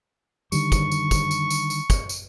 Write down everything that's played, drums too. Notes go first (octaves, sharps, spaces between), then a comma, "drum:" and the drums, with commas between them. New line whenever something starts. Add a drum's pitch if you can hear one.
D3 D#3 G3 C#6, drum: tambourine
drum: kick, tambourine
drum: tambourine
drum: kick, tambourine
drum: tambourine
drum: tambourine
drum: tambourine
drum: kick, tambourine
drum: tambourine